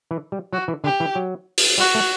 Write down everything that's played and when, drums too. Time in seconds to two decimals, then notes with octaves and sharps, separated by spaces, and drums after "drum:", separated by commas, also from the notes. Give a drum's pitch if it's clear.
0.11 E3
0.32 G3
0.53 F#3 F#4
0.68 E3
0.84 D3 G4
1.00 E3
1.15 F#3
1.58 drum: open hi-hat
1.78 G3 F#4
1.95 A3